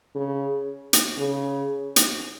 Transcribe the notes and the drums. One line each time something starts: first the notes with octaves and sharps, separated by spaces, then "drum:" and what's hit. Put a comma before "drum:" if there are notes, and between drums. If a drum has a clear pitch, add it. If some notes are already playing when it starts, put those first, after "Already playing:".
C#3
drum: hi-hat
C#3
drum: hi-hat